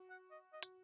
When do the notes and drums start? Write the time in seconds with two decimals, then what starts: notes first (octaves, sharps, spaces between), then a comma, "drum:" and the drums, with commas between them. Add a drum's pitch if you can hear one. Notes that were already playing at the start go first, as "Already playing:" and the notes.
Already playing: F#4
0.10 F#5
0.31 D#5
0.53 D#5
0.63 F#4, drum: hi-hat